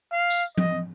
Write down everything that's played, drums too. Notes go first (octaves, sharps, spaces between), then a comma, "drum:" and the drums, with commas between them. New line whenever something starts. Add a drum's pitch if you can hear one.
F5
drum: tambourine
D#5, drum: tom F3